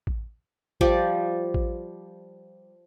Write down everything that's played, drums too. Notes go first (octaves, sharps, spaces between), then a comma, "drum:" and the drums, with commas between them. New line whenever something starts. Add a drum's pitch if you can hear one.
drum: kick A1
F3 G3 D5, drum: kick A1
drum: kick A1